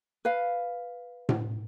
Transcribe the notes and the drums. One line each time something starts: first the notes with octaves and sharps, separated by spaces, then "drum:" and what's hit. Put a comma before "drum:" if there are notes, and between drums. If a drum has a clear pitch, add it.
B4 F5
drum: tom A2